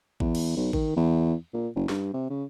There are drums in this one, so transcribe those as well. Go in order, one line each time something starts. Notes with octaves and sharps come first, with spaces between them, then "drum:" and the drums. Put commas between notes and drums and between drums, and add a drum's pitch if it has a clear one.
E2, drum: kick A1
drum: cymbal
B1
D#3, drum: kick A1
E2
A#2
F#1
G2, drum: snare
C3
C#3